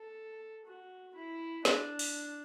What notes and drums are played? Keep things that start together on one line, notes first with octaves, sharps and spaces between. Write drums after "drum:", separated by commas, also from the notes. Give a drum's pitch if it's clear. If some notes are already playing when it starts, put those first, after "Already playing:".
Already playing: A4
F#4
E4
D4, drum: snare
drum: open hi-hat